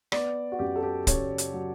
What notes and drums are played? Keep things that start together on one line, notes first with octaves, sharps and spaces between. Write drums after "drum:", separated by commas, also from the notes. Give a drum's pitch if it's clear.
B3 D5, drum: rim click
F#4
F#2 G4
A4
G4
C#3 C#5, drum: kick, hi-hat
drum: hi-hat
F#3